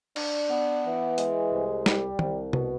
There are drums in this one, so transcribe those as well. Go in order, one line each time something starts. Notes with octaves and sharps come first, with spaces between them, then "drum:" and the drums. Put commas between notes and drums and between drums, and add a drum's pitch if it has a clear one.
D4, drum: cymbal
B3
E3
G#3, drum: hi-hat
C2
G3, drum: snare
C2, drum: tom
B2, drum: tom